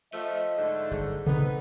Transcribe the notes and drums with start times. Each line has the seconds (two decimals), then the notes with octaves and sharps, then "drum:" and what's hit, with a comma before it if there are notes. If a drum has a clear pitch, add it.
0.12 F3 A3 D#5, drum: open hi-hat
0.58 G#2 D3 A3
0.91 G1 F#2 A2 G#4
1.27 A#1 D#3 B3 C4 D#4 A4, drum: tom C3